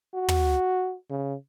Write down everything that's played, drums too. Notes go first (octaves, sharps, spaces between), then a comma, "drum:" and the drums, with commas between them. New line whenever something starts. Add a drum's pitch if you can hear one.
F#4
drum: tom
C#3